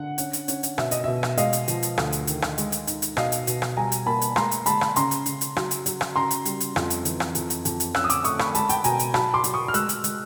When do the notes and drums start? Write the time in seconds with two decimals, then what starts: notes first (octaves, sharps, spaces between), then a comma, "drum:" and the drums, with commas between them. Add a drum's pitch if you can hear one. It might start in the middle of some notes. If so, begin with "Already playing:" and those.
Already playing: D3 F#5
0.18 C#4, drum: hi-hat
0.33 drum: hi-hat
0.48 C#4, drum: hi-hat
0.63 drum: hi-hat
0.78 B2 E5, drum: rim click
0.91 D#5, drum: hi-hat
1.04 B2 E5
1.23 drum: rim click
1.37 G#3 D#5 F5, drum: hi-hat
1.53 drum: hi-hat
1.68 F3, drum: hi-hat
1.83 drum: hi-hat
1.98 D2, drum: rim click
2.12 drum: hi-hat
2.27 D#3, drum: hi-hat
2.42 drum: rim click
2.58 G#3, drum: hi-hat
2.72 drum: hi-hat
2.87 D#4, drum: hi-hat
3.02 drum: hi-hat
3.17 B2 D#5 F5, drum: rim click
3.32 drum: hi-hat
3.47 B2, drum: hi-hat
3.62 drum: rim click
3.77 G3 G#5 A#5
3.92 drum: hi-hat
4.06 A#3 A5 B5
4.22 drum: hi-hat
4.36 G#3 A#5 C6, drum: rim click
4.51 drum: hi-hat
4.66 G#3 A5 B5, drum: hi-hat
4.81 drum: rim click
4.96 C#3 A#5 C6, drum: hi-hat
5.11 drum: hi-hat
5.26 C#3, drum: hi-hat
5.41 drum: hi-hat
5.56 F#3, drum: rim click
5.71 drum: hi-hat
5.86 F#3, drum: hi-hat
6.01 drum: rim click
6.15 C#3 A#5 C6
6.31 drum: hi-hat
6.45 G3, drum: hi-hat
6.60 drum: hi-hat
6.76 F2, drum: rim click
6.90 drum: hi-hat
7.05 E3, drum: hi-hat
7.20 drum: rim click
7.35 F2, drum: hi-hat
7.50 drum: hi-hat
7.65 F2, drum: hi-hat
7.80 drum: hi-hat
7.95 C#4 E6 F#6, drum: rim click
8.04 D#6
8.10 D6 E6, drum: hi-hat
8.24 A3 C#6 D#6, drum: hi-hat
8.39 B5 C#6, drum: rim click
8.55 G#3 A5 B5, drum: hi-hat
8.69 G5 A5, drum: hi-hat
8.84 B2 G#5 A#5, drum: hi-hat
8.99 drum: hi-hat
9.14 F#3 A5 B5, drum: rim click
9.34 C6 D6
9.44 F#3, drum: hi-hat
9.54 C#6 D#6
9.68 F6
9.74 G#3 E6 F#6, drum: hi-hat
9.89 drum: hi-hat
10.04 G#3, drum: hi-hat